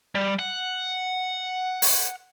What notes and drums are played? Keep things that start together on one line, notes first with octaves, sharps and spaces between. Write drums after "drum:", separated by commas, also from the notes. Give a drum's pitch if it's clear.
G3
F#5
drum: open hi-hat